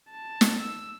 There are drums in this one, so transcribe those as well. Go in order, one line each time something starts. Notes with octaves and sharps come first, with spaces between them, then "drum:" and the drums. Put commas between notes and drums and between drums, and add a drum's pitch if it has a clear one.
A5
drum: snare
E6